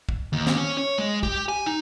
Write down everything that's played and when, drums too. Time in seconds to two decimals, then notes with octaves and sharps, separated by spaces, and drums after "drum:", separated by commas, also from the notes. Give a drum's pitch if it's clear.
0.09 drum: kick
0.33 D#2
0.47 drum: snare
0.57 C#4
0.77 C#5
0.98 G#3
1.23 G4, drum: kick
1.49 G#5
1.66 D#4